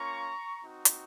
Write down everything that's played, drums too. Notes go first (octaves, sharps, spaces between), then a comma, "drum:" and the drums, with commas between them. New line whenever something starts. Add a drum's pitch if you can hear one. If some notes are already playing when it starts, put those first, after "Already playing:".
Already playing: A#3 C#4 F4 A#5 C#6
C4 D#4 F#4
drum: hi-hat